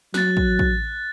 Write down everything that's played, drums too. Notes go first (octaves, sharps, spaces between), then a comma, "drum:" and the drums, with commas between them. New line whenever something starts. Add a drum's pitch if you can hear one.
F#3 F#6 A6, drum: snare
drum: kick
drum: kick